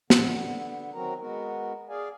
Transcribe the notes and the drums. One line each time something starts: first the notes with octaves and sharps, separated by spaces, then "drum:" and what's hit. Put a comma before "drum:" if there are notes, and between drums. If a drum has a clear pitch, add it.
D3 B3, drum: snare
D#3 F#3 C4 F#4 A#4 A#5
G#3 B3 F#4 A#4
G#4 D5 F5 G#5